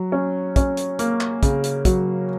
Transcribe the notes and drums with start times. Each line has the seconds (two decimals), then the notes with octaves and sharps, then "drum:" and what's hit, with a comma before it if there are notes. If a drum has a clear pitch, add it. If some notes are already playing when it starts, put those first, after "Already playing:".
Already playing: F#3
0.12 C#4
0.56 C#4, drum: kick, hi-hat
0.77 drum: hi-hat
0.99 A#3, drum: hi-hat
1.21 drum: clap
1.43 C#3, drum: kick, hi-hat
1.64 drum: hi-hat
1.85 F#3, drum: kick, hi-hat